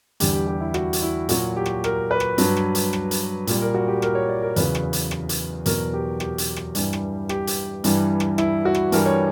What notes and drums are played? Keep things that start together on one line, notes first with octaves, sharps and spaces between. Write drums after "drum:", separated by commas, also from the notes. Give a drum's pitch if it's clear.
E2 D3 G3 G4, drum: hi-hat
G4
G4
E4
F#4, drum: rim click
drum: hi-hat
E4
A#2 F#3 F#4, drum: hi-hat
G4
drum: rim click
A#4, drum: rim click
B4
drum: rim click
G2 F#3, drum: hi-hat
drum: rim click
drum: hi-hat
drum: rim click
drum: hi-hat
A#2 G3, drum: hi-hat
A#4
F#4
G4
A#4, drum: rim click
C#5
D5
A#4
E2 C#3 F#3 B4, drum: hi-hat
drum: rim click
drum: hi-hat
drum: rim click
drum: hi-hat
E2 B2 F#3 A#4, drum: hi-hat
G4
G4, drum: rim click
drum: hi-hat
drum: rim click
G2 E3 G3, drum: hi-hat
drum: rim click
G4, drum: rim click
drum: hi-hat
G2 E3 G3, drum: hi-hat
drum: rim click
E4, drum: rim click
F#4
drum: rim click
G2 E3 G3 A#4, drum: hi-hat
C#5